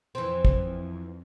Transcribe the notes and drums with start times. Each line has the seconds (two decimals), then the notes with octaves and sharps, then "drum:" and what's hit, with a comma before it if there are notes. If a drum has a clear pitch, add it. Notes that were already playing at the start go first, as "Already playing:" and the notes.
0.15 F2 E3 C4
0.45 drum: kick